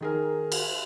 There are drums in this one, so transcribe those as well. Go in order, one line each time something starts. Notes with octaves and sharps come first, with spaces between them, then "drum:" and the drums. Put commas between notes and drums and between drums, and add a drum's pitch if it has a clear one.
D#3 G#4 A#4
drum: cymbal